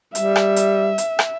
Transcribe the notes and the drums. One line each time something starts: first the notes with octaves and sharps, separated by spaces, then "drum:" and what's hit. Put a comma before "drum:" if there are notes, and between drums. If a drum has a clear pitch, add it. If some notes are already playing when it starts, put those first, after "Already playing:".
G3 E5, drum: hi-hat
drum: rim click
drum: hi-hat
drum: hi-hat
drum: rim click